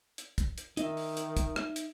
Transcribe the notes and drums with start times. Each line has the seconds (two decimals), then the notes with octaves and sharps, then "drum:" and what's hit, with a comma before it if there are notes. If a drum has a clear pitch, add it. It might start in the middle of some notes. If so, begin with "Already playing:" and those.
0.18 drum: hi-hat
0.38 drum: kick, hi-hat
0.58 drum: hi-hat
0.77 D#3 D#4 D#5 E5, drum: hi-hat
0.97 drum: open hi-hat
1.17 drum: hi-hat
1.37 drum: kick, hi-hat
1.56 drum: rim click
1.76 drum: hi-hat